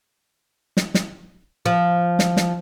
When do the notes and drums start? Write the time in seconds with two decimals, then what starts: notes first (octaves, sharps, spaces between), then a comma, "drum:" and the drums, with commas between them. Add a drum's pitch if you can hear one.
0.77 drum: snare
0.94 drum: snare
1.66 F3
2.19 drum: snare
2.37 drum: snare